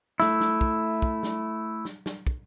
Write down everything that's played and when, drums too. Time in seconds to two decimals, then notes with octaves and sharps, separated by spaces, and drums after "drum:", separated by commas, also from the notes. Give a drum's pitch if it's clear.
0.20 A3 E4, drum: snare
0.40 drum: snare
0.61 drum: kick
1.02 drum: kick
1.23 drum: snare
1.85 drum: snare
2.06 drum: snare
2.27 drum: kick